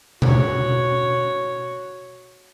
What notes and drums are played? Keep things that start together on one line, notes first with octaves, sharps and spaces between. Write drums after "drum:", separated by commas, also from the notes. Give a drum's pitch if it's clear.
F#4 C#5, drum: tom B2